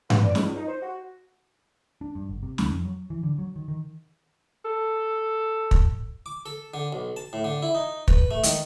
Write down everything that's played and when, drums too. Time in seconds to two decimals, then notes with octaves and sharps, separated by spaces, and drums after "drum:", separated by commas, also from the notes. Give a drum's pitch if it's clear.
0.10 B4, drum: tom G2
0.23 D5
0.35 C#2, drum: snare
0.56 D#4
0.68 C5
0.83 F#4
2.01 D4
2.15 G2
2.29 G1
2.43 C3
2.58 D2, drum: snare
2.71 F2
2.85 F#3
3.10 E3
3.23 D3
3.38 F#3
3.56 D#3
3.68 D#3
4.65 A4
5.71 drum: kick
6.26 D6
6.46 A4
6.74 D3
6.93 B1
7.16 A5
7.33 A2
7.44 D3
7.62 E4
7.75 D#4
8.08 B4, drum: kick
8.31 A3
8.43 D#3, drum: hi-hat